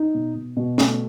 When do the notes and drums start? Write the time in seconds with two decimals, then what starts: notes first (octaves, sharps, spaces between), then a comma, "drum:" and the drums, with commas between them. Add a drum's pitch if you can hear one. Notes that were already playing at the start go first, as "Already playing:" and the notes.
Already playing: D#4
0.14 B2
0.35 B2
0.57 B2
0.78 A3, drum: snare